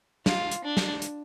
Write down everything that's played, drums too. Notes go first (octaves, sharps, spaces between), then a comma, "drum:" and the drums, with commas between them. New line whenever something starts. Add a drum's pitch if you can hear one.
F4, drum: snare
drum: hi-hat
D4
drum: snare
drum: hi-hat